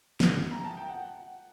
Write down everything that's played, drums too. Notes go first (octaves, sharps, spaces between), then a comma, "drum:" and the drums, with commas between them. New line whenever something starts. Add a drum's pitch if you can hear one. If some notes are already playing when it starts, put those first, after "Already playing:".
drum: snare
A#5
A5
G5
F#5